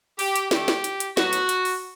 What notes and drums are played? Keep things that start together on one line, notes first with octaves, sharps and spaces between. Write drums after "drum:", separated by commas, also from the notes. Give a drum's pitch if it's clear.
G4, drum: open hi-hat
drum: hi-hat
D3 A3 G4, drum: snare
drum: snare
drum: hi-hat
drum: hi-hat
A2 F#3 B3 F#4, drum: snare
drum: hi-hat
drum: hi-hat
drum: open hi-hat